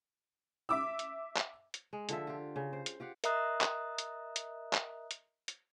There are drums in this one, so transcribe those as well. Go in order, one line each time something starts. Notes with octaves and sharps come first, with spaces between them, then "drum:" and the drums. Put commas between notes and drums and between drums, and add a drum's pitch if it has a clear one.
E5 D6 E6
drum: hi-hat
drum: clap
drum: hi-hat
G#3
D3 F3 F4 E5, drum: hi-hat
F4 G4
C#3
C5
drum: hi-hat
F4 G4 F5 F#5
A#4 D#5 E5 A#5 D#6 F#6, drum: hi-hat
drum: clap
drum: hi-hat
drum: hi-hat
drum: clap
drum: hi-hat
drum: hi-hat